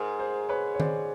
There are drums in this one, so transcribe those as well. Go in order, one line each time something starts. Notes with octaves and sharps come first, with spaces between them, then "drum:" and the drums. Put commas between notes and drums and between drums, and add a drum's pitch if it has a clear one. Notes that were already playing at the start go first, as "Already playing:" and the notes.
Already playing: G#2 G#4 A#4
A#4 C5
B4 C#5
C#5
C5 D5, drum: tom D#3